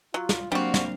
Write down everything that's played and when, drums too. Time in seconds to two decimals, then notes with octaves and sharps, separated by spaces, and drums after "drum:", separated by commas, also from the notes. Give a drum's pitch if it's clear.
0.14 F#3 F4
0.29 drum: snare
0.52 F#3 G3 A#3 C4 D4 F#4 F5 F#5
0.74 drum: snare